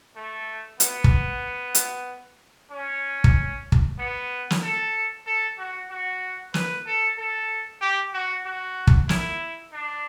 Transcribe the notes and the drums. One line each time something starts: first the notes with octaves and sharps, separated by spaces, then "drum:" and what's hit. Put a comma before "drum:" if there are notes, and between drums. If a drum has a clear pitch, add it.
A3
B3, drum: hi-hat
drum: kick
drum: hi-hat
C#4
drum: kick
drum: kick
B3
drum: snare
A4
A4
F#4
F#4
B4, drum: snare
A4
A4
G4
F#4
F#4
drum: kick
E4, drum: snare
D4